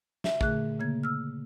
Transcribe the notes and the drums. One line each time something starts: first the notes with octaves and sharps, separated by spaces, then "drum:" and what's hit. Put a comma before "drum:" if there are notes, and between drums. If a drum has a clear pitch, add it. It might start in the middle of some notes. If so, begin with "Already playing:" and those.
E5, drum: snare
A#2 D3 A3 G#4 F#6, drum: kick
C#3 A#3 G#6
E6 F6